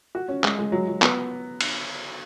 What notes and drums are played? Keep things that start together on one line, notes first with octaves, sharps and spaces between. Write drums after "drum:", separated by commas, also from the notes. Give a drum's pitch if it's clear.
F#4
C#4
G#3, drum: clap
G#3
F#3
F#3
B3, drum: clap
drum: cymbal